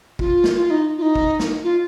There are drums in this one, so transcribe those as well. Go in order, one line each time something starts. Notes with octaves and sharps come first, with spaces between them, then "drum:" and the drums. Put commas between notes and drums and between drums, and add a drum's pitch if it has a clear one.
F4, drum: kick
drum: snare
F4
D#4
F4
D#4
drum: kick
drum: snare
F4